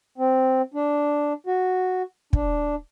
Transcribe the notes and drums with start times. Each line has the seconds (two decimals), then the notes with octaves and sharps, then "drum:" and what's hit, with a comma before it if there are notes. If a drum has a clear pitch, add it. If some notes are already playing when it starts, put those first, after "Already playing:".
0.18 C4
0.74 D4
1.47 F#4
2.33 D4, drum: kick